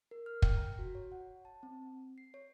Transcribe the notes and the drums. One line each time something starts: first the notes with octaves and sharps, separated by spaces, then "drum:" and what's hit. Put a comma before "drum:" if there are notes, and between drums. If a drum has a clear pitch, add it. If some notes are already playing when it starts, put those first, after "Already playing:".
A#4
F6
G5, drum: kick
A#5
F#4
C#5
F#5
A5
C4
C7
C#5